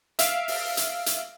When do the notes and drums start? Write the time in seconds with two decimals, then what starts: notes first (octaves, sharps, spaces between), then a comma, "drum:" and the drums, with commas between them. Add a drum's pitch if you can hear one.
0.19 E5 F5 D7, drum: hi-hat
0.48 drum: open hi-hat
0.77 drum: hi-hat
1.06 drum: hi-hat